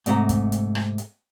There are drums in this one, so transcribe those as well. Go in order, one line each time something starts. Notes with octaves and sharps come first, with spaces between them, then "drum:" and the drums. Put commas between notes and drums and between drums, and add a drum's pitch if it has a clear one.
G#2 C3 A3 F#5 A#5, drum: hi-hat
drum: kick, hi-hat
drum: hi-hat
drum: rim click
drum: hi-hat